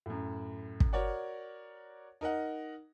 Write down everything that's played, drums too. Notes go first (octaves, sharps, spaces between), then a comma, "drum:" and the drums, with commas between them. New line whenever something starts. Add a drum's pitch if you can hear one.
F#2 A2
drum: kick
F#4 A#4 C#5 D5 F#5
D#4 A#4 D#5 F#5